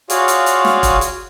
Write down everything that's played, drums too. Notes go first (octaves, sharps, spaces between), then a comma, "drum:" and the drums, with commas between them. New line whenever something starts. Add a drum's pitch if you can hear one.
F4 F#4 G#4 C#5 D5 F5, drum: hi-hat
drum: hi-hat
drum: hi-hat
drum: snare
drum: kick E1, hi-hat
drum: hi-hat